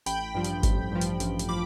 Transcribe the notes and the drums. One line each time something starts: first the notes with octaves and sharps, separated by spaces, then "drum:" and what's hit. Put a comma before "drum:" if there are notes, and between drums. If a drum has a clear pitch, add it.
A1 G5 B5, drum: hi-hat
G2 F3
drum: hi-hat
A1, drum: kick G1, hi-hat
G2 F3
drum: hi-hat
A1, drum: hi-hat
drum: hi-hat
F3 B5 D6